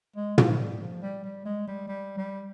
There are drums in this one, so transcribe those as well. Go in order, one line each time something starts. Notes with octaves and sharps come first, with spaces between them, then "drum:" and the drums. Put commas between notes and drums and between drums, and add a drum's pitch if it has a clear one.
G#3
F3, drum: tom
G3
F3
G3
G3
G#3
G3
G3
G3